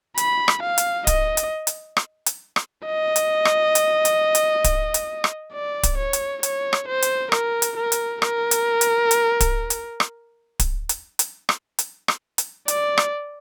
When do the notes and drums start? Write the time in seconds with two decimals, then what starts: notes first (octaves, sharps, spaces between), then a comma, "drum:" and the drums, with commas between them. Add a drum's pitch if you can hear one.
0.17 B5, drum: hi-hat
0.48 drum: rim click
0.63 F5
0.78 drum: hi-hat
1.07 D#5, drum: kick D1, hi-hat
1.37 drum: hi-hat
1.67 drum: hi-hat
1.97 drum: rim click
2.26 drum: hi-hat
2.56 drum: rim click
2.86 D#5
3.16 drum: hi-hat
3.45 drum: rim click
3.75 drum: hi-hat
4.05 drum: hi-hat
4.35 drum: hi-hat
4.64 drum: kick D1, hi-hat
4.94 drum: hi-hat
5.24 drum: rim click
5.53 D5
5.83 drum: kick D1, hi-hat
5.98 C#5
6.13 drum: hi-hat
6.43 C#5, drum: hi-hat
6.73 drum: rim click
6.88 C5
7.02 drum: hi-hat
7.32 A#4, drum: rim click
7.62 drum: hi-hat
7.77 A#4
7.92 drum: hi-hat
8.22 A#4, drum: rim click
8.51 drum: hi-hat
8.81 drum: hi-hat
9.11 drum: hi-hat
9.40 drum: kick D1, hi-hat
9.70 drum: hi-hat
10.00 drum: rim click
10.59 drum: kick D1, hi-hat
10.89 drum: hi-hat
11.19 drum: hi-hat
11.49 drum: rim click
11.79 drum: hi-hat
12.08 drum: rim click
12.38 drum: hi-hat
12.68 D5, drum: hi-hat
12.98 drum: rim click